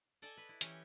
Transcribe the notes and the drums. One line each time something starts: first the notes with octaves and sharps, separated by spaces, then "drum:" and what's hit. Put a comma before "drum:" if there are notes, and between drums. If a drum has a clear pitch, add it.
A4 D5 D#5 G#5 A5
B4
E4
E3 C#4 G4 C#5 D#5, drum: hi-hat